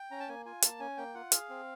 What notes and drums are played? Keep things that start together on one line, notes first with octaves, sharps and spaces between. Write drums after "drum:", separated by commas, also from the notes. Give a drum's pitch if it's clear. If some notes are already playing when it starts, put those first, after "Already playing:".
Already playing: G5
C#4 A#5
A5
A#3 G#5
F4 G#5
A#3 A5, drum: hi-hat
C#4 G#5
A#3 G5
F4 F#5
G#4 F5, drum: hi-hat
C4